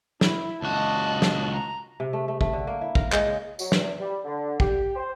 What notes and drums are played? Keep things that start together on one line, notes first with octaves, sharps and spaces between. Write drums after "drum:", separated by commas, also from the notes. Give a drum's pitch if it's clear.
E4, drum: snare
C#2 F#4 D#5 A5
drum: snare
A#5
C3
A3
A3
A3, drum: kick
D3
A#3
E4
A#4, drum: kick
G#3, drum: clap
C#3
F#3, drum: tambourine
E2, drum: snare
G3
D3
G4, drum: kick
C5